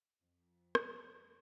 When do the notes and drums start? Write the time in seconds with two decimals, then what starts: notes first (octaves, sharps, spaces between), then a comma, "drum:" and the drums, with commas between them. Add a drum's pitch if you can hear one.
0.22 F2
0.75 drum: rim click